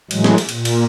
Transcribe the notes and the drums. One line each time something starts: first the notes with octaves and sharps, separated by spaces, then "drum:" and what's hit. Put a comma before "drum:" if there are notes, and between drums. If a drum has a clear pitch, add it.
A2 E3 F#3 G#3, drum: cymbal
drum: snare
drum: cymbal
A#2, drum: cymbal
drum: cymbal